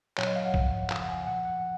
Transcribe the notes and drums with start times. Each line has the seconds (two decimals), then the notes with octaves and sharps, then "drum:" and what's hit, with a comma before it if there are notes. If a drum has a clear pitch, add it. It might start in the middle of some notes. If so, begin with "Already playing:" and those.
0.18 A#2 F#3 C#5, drum: clap
0.27 D#5
0.36 F5
0.45 F#5
0.54 G#2 F3, drum: kick
0.90 F2 C#3 F3 F5, drum: clap
1.02 F#5
1.09 G#5
1.27 A#2 F3 F#5
1.45 F#5